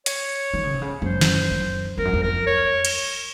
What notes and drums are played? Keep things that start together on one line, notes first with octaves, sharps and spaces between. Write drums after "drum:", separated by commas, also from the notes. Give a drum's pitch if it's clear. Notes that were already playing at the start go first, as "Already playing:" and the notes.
C#5, drum: hi-hat
D#3
C#3
C3
C#3
F#2 C5
drum: snare
F#2
F2 A#4
F#2
F2
A#4
C#5
drum: cymbal